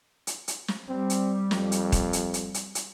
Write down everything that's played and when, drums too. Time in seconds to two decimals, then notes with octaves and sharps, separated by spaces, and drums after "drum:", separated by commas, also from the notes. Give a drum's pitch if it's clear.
0.27 drum: hi-hat
0.48 drum: hi-hat
0.68 drum: snare
0.89 G3 C4
1.10 drum: hi-hat
1.51 F2, drum: snare
1.72 drum: hi-hat
1.92 drum: kick D#1, hi-hat
2.13 drum: hi-hat
2.34 drum: hi-hat
2.54 drum: hi-hat
2.75 drum: hi-hat